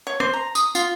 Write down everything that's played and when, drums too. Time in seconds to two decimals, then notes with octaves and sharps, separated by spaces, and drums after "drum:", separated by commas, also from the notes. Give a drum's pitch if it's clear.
0.07 C#5
0.20 C5, drum: rim click
0.33 A#5
0.55 D#6, drum: tambourine
0.75 F4, drum: tambourine